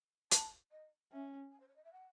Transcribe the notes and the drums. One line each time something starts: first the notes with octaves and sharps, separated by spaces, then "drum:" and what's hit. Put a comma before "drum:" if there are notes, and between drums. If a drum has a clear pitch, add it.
A5, drum: hi-hat
D#5
C#4 E5
G#5
C5
C#5
D#5
E5
F#5